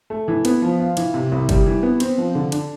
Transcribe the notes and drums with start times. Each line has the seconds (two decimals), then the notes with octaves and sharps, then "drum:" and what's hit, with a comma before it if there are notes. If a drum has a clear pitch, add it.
0.10 A3
0.28 E3
0.45 B3, drum: cymbal
0.62 F3
0.80 F4
0.97 E3, drum: cymbal
1.14 C3
1.32 C2
1.49 G3, drum: kick, cymbal
1.66 E3
1.83 B3
2.00 C4, drum: cymbal
2.18 F3
2.35 D3
2.52 D4, drum: cymbal